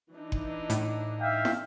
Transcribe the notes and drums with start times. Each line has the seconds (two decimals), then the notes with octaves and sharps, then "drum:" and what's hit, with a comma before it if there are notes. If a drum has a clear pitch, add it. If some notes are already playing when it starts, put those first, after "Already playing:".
0.12 E3 D4 D#4
0.32 drum: kick F#1
0.70 A2, drum: hi-hat
1.21 E5 F5 G5
1.45 drum: snare